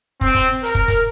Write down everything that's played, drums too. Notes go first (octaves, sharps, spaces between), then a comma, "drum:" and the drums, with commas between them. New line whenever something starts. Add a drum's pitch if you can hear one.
C4, drum: kick
drum: kick, hi-hat
A#4, drum: hi-hat
drum: kick
drum: kick, hi-hat